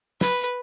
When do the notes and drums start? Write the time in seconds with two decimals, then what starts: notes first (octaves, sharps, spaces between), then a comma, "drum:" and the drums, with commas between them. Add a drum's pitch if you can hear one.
0.21 B4, drum: snare
0.41 drum: hi-hat